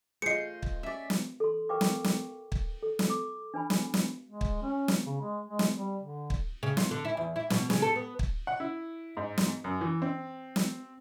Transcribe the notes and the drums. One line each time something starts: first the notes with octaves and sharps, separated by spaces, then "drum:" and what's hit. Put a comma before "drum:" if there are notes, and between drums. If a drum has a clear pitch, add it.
A3 F4 G#4 C5 D#5 C7 C#7
drum: kick
C#4 D5 E5
drum: snare
A4 C6
A#4 B4 F5 G5 C#6 D6
drum: snare
drum: snare
drum: kick
A4
drum: snare
D6
D4 B4 G#5 B5
drum: snare
drum: snare
G#3
drum: kick
C#4
drum: snare
C#3
G#3
G#3
drum: snare
G3
D3
drum: kick
C#3
F4, drum: snare
D3
E4
E2
E4
B2, drum: snare
C#3, drum: snare
A4
B3
drum: kick
F#5
E4
G#2
drum: snare
F#2
E3
C4
drum: snare